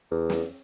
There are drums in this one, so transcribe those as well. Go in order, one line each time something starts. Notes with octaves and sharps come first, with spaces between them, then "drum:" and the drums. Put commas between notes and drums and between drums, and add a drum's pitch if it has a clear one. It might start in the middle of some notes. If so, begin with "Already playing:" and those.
E2
drum: snare